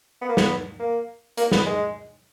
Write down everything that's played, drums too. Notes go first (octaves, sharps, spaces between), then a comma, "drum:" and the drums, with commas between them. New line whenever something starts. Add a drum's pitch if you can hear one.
B3
A#3
B3, drum: snare
A#3
A#3, drum: hi-hat
B3, drum: snare
G#3